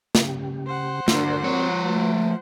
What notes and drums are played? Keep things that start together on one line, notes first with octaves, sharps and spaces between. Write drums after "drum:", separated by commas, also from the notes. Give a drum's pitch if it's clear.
C#3 G4, drum: snare
C5 F#5
D2 D4 A#4 D5, drum: snare
F3 C4 C#5
A3 F#4 B4